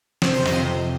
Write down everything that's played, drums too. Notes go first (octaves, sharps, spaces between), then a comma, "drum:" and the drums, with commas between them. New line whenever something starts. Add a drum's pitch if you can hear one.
C3 C5, drum: snare
C5
F2
D#5, drum: snare
C3